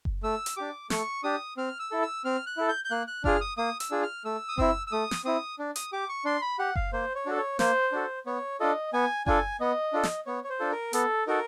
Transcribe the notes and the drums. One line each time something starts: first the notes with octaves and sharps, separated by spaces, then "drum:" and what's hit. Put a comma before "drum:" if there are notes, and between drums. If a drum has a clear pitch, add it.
drum: kick F#1
A3 E6
drum: hi-hat
D4 G4 D6
A3 C#6, drum: snare
D4 G4 D#6
C4 F6
E6
E4 A4
E6
C4 F6
F#6
E4 A4
G6
G6
A#3 F#6
F#6
D4 F4 G#4 F6, drum: kick F#1
D#6
A#3 D#6
E6, drum: hi-hat
D4 F4 G#4
F6
A3 E6
D#6
C4 E4 E6, drum: kick F#1
E6
A3 D#6
drum: snare
C4 E4 D#6
D4
D#6, drum: hi-hat
G4 D6
C#6
D4 C6
B5
G4 F#5
F5, drum: kick F#1
A#3 C5
C#5
D4 F#4 A4
C#5
A#3 C5, drum: snare
D4 F#4 A4
B3 C#5
D4 F4 A4 D#5
B3 G#5
D4 F4 A4 G#5, drum: kick F#1
B3 D#5
D4 F4 A4
drum: snare
B3 C#5
C#5
C5
D4 F4 A4
A#4
B3 A4, drum: hi-hat
D#4 F#4 A4 A#4